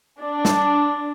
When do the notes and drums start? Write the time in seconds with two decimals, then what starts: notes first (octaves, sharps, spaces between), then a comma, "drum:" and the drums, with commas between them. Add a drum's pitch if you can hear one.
0.21 D4
0.45 drum: snare